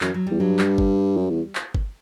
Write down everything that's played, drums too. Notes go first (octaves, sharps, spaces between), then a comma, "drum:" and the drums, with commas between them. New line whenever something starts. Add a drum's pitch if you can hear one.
F#2 E3, drum: clap
F#3
E2 G3
G2 F#3
G3, drum: clap
drum: kick G1
F#2
E2
drum: clap
drum: kick G1